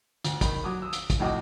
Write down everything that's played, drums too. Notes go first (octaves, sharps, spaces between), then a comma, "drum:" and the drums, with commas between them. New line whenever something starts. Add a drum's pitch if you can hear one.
D2, drum: hi-hat
D#3 B5, drum: kick, hi-hat
F#3 D6 D#6
D#6 E6
drum: hi-hat
drum: kick, hi-hat
F2 A2 F#4 D#5 D6